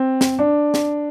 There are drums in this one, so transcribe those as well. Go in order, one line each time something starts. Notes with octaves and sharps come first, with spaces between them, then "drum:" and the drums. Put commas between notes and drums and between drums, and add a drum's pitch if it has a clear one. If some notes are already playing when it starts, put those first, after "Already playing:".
Already playing: C4
drum: snare
D4
drum: snare